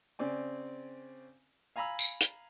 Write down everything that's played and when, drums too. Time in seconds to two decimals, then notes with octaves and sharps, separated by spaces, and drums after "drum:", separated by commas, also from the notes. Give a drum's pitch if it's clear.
0.19 C#3 C4 D5 G#5
1.76 F5 G#5 A#5 B5 E6
1.99 drum: tambourine
2.21 drum: hi-hat